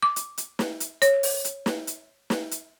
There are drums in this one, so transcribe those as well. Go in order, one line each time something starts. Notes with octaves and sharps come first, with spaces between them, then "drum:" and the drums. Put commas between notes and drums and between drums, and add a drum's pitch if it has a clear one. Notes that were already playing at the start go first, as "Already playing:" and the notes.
D6
drum: hi-hat
drum: hi-hat
drum: snare
drum: hi-hat
C#5, drum: hi-hat
drum: open hi-hat
drum: hi-hat
drum: snare
drum: hi-hat
drum: snare
drum: hi-hat